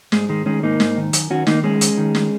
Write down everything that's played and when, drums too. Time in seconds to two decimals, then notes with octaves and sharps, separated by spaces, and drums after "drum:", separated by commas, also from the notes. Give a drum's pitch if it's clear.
0.12 G#2 G#3, drum: snare
0.29 D#3 G#3
0.46 D#3 G#3 C#4
0.63 G#2 A#3 D#4
0.80 G#2, drum: snare
0.97 D#3
1.13 F#2, drum: hi-hat
1.30 D#3 C#4 F#4
1.47 D#3 A#3 D#4, drum: snare
1.64 F#2 G#3 C#4
1.81 F#2, drum: hi-hat
1.97 D#3
2.15 drum: snare